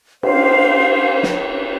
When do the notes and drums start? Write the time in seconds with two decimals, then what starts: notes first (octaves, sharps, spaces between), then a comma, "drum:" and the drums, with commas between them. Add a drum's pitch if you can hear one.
0.23 C5 F5, drum: cymbal
1.23 drum: snare